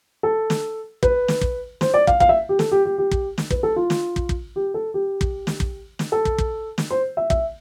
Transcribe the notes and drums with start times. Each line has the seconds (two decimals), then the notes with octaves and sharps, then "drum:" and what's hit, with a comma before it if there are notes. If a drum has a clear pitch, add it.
0.23 A4
0.50 drum: snare
1.03 B4, drum: kick
1.28 drum: snare
1.41 drum: kick
1.81 C5, drum: snare
1.94 D5
2.07 F5, drum: kick
2.20 F5, drum: kick
2.29 E5
2.49 G4
2.59 A4, drum: snare
2.72 G4
2.85 G4
2.98 G4
3.11 drum: kick
3.38 drum: snare
3.50 B4, drum: kick
3.63 A4
3.76 F4
3.90 drum: snare
4.16 drum: kick
4.29 drum: kick
4.56 G4
4.74 A4
4.94 G4
5.21 drum: kick
5.47 drum: snare
5.60 drum: kick
5.99 drum: snare
6.12 A4
6.25 drum: kick
6.38 drum: kick
6.78 drum: snare
6.90 C5
7.17 E5
7.30 E5, drum: kick